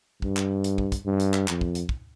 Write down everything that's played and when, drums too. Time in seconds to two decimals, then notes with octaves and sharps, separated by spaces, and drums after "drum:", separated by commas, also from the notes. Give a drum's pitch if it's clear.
0.22 G2, drum: kick
0.37 drum: clap
0.64 drum: hi-hat
0.78 drum: kick
0.92 drum: kick, hi-hat
1.06 G2
1.20 drum: hi-hat
1.34 drum: clap
1.48 F2, drum: clap
1.61 drum: kick
1.75 drum: hi-hat
1.89 drum: kick